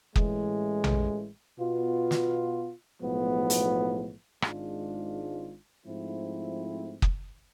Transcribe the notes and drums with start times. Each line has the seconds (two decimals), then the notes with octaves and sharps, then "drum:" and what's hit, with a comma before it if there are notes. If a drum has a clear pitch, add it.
0.16 A1 A2 E3 G#3, drum: kick
0.84 drum: tom A#1
1.58 B2 B3 F4
2.11 drum: snare
3.00 B1 A2 F3 G#3 B3
3.50 drum: hi-hat
4.42 G#1 G#2 G#3 D4 F4, drum: rim click
5.85 G#2 F3 A3 C4 E4
7.02 drum: kick